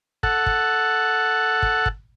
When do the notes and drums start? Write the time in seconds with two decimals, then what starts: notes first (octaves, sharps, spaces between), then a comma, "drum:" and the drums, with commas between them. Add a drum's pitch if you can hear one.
0.23 A4 F#5, drum: kick
0.46 drum: kick
1.62 drum: kick
1.86 drum: kick